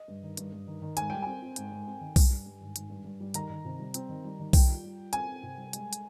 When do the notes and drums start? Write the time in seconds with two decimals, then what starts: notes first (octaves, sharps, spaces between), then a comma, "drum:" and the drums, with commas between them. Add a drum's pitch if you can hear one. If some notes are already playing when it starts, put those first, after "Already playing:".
Already playing: D#5
0.08 G2
0.23 D#3
0.37 G2, drum: hi-hat
0.52 G2
0.67 D#3
0.82 D#3
0.97 G#2 G#5, drum: hi-hat
1.10 G3 G5
1.22 C4 G#5
1.42 C4
1.56 G#2, drum: hi-hat
1.71 G#2
1.87 C4
2.01 D#3
2.16 G2, drum: kick B1, open hi-hat
2.30 G3
2.46 G2
2.60 G#1
2.76 G#1, drum: hi-hat
2.90 G2
3.05 G2
3.20 G3
3.34 D#3 A#5, drum: hi-hat
3.50 D#3
3.65 C3
3.79 G3
3.94 C4, drum: hi-hat
4.09 D#3
4.24 G3
4.39 D#3
4.53 G3 G5, drum: kick B1, open hi-hat
4.69 F4
4.84 G3
4.99 F4
5.13 C4 G#5, drum: hi-hat
5.28 C4
5.43 C3
5.57 G3
5.73 G#3, drum: hi-hat
5.93 drum: hi-hat